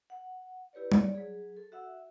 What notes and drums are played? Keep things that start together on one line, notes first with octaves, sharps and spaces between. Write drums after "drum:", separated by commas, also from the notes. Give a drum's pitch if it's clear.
F#5
E4 G4 B4 C#5 D5
C#5 D5, drum: tom G3
F#3 G#4
A4
F#4 E5 F#5 E6